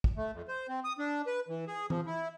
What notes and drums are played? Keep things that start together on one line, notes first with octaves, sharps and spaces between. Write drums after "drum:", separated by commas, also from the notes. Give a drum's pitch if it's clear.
drum: kick
A3
F2
C5
C4
D#6
D4
B4
E3
G#4
F3, drum: tom E3
E4